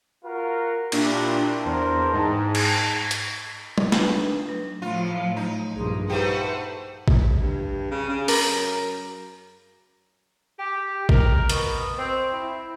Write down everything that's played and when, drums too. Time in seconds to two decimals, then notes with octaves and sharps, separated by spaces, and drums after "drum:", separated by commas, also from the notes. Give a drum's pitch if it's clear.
0.24 F4 F#4 A#4
0.92 A#2 D4 E4 G4, drum: cymbal
1.65 E2 D4 A#4 C5
2.13 G#2 D#4 G5 A5
2.55 drum: cymbal
3.11 drum: hi-hat
3.78 drum: tom
3.92 D4 D#4 B4, drum: snare
4.49 F#3
4.82 A2 F3 F#3 A3 F4 B5
5.36 D#4
5.76 A#1 G2 G#4 C6 D#6
6.10 A3 D#4 G4 B4 C5 F#5 G5
7.08 drum: kick A1
7.41 G2
7.91 C#3
8.09 C#3
8.28 F#2 A#4 B5 D6, drum: open hi-hat
10.58 G4
11.09 A#4, drum: kick A1
11.49 B2, drum: hi-hat
11.98 C4
12.32 E4